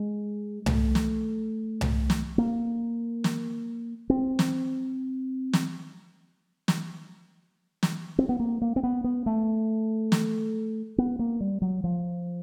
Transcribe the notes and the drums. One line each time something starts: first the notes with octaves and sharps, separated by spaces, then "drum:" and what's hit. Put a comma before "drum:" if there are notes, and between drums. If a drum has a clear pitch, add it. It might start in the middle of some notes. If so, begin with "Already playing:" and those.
Already playing: G#3
A3, drum: tom C2
drum: snare
drum: tom C2
drum: snare
A#3
drum: snare
C4
drum: snare
drum: snare
drum: snare
drum: snare
C4
B3
A#3
A#3
C4
B3
B3
A3
drum: snare
B3
A#3
G3
F#3
F3